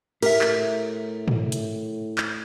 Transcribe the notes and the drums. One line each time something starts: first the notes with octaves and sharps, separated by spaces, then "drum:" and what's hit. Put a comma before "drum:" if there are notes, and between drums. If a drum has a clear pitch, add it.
A2 G4 A#4 E5, drum: cymbal
drum: clap
drum: tom
drum: hi-hat
drum: clap